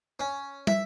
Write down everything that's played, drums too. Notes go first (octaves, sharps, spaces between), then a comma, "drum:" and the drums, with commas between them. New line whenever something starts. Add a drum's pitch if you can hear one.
C#4
E5, drum: tom